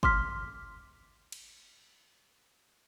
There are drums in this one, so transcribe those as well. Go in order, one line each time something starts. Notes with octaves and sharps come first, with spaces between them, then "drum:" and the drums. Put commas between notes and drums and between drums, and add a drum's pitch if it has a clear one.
C6 D6 F6 B6, drum: kick G1
drum: cymbal